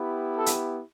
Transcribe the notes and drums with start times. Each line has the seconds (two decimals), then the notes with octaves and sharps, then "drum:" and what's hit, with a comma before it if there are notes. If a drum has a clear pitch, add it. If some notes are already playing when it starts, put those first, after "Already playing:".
Already playing: B3 E4 G4
0.35 A4
0.46 drum: hi-hat